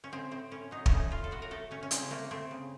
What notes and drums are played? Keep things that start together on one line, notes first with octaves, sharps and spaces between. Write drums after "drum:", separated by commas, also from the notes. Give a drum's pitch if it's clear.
C#4
A2 C4
A2 C4
A2 C#4
F#3 D#4
C#4, drum: kick
A3 D#4
A2 F4
A4
A2 F#4
A#4
A3 A4
A3 C#4
C#4
C#3 C4, drum: hi-hat
A3 A#3
A3 C4
C#3